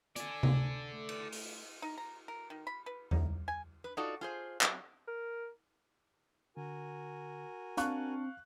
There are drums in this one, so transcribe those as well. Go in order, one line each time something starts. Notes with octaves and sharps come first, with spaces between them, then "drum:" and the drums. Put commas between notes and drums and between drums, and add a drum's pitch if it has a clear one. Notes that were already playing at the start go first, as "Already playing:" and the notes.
A4 D5 G#5, drum: hi-hat
drum: tom C3
A3
drum: cymbal
drum: open hi-hat
D#4
A#5
A#4
D#3
B5
B4
D#4, drum: tom E2
G#5
B4
D#4 F4 F#4 A4 D5
F4 G#4 C5
F#3, drum: clap
A#4
D3 F#4 A#4 G#5
C4 D4 F5 A5 C#6 F#6, drum: hi-hat